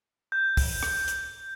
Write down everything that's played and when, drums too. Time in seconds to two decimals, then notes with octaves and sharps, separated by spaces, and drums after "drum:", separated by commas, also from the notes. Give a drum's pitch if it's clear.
0.32 G6
0.57 drum: kick, open hi-hat
0.83 drum: rim click
1.08 drum: hi-hat